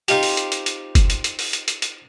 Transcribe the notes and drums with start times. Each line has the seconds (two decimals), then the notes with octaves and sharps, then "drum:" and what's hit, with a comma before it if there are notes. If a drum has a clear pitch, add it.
0.08 C4 D#4 F4 G4, drum: hi-hat
0.23 drum: open hi-hat
0.37 drum: hi-hat
0.52 drum: hi-hat
0.66 drum: hi-hat
0.95 drum: kick F#1, hi-hat
1.10 drum: hi-hat
1.24 drum: hi-hat
1.39 drum: open hi-hat
1.53 drum: hi-hat
1.68 drum: hi-hat
1.82 drum: hi-hat